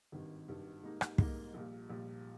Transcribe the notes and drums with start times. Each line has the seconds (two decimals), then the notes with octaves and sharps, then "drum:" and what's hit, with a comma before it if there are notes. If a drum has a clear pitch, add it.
0.12 G#1 G2 D#3
0.48 G#1 G2 D#3
0.83 G#2 G3 A#3 D#4
1.01 drum: rim click
1.18 G#2 G3 A#3 D#4, drum: kick
1.54 A#1 A#2 G3
1.89 A#1 A#2 G3